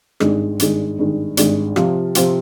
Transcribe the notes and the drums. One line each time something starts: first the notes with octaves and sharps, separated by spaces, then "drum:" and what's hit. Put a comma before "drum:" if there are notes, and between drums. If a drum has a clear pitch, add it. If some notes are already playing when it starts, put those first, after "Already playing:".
G#1 G2 D#3 G#3, drum: rim click
G#1 G2 D#3 G#3, drum: hi-hat
G#1 G2 D#3 G#3
G#1 G2 D#3 G#3, drum: hi-hat
C3 F3 C4 F4, drum: rim click
C3 F3 C4 F4, drum: hi-hat